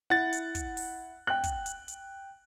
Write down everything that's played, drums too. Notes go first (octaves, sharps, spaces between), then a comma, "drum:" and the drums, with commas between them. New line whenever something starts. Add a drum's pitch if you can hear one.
E4 F#5 A6
drum: hi-hat
drum: kick, hi-hat
drum: open hi-hat
G5 F#6
drum: kick, hi-hat
drum: hi-hat
drum: hi-hat